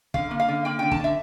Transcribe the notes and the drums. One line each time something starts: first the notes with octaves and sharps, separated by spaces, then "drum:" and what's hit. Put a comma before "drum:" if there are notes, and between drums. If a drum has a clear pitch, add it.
D3 F5, drum: kick
A#3
F5
D3
A#3 G5
D3 G5
A5, drum: kick
D3 E5